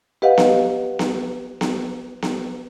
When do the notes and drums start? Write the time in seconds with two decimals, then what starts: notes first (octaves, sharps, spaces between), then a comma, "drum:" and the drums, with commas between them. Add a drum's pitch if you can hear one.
0.22 G4 B4 D#5 F5 F#5
0.38 drum: snare B3
0.99 drum: snare B3
1.61 drum: snare B3
2.22 drum: snare B3